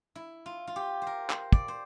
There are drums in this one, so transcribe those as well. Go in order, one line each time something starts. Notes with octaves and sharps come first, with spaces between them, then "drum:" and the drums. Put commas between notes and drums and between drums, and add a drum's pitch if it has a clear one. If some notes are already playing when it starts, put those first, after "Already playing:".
E4
F4
F4
G4
C5
A#4
C5, drum: clap
D5, drum: kick
C5